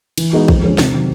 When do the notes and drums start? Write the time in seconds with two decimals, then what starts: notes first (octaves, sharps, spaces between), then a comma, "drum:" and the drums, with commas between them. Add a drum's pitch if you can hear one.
0.18 E3, drum: cymbal
0.33 G#3 B3 D#4 F#4
0.48 F2, drum: kick A#1
0.63 D3 F3 G#3 C#4
0.78 C3, drum: snare
0.93 D#3 F#3